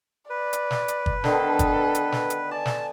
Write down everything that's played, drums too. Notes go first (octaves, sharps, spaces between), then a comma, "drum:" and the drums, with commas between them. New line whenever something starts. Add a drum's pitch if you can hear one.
B4 D5
drum: hi-hat
drum: snare
drum: hi-hat
drum: kick
D3 D#3 B3 A4, drum: snare
drum: kick, hi-hat
drum: hi-hat
drum: snare
drum: hi-hat
D5 G#5 A5
drum: snare